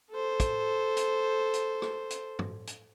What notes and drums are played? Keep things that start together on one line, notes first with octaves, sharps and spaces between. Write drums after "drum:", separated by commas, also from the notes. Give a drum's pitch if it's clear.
A4 C5
drum: kick, hi-hat
drum: hi-hat
drum: hi-hat
drum: rim click
drum: hi-hat
drum: tom
drum: hi-hat